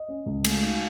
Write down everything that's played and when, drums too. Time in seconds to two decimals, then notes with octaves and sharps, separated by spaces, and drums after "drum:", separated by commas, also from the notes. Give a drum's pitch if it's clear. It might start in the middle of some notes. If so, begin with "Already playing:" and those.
Already playing: D#5
0.08 C#4
0.26 C#2
0.44 A3, drum: cymbal
0.62 D#4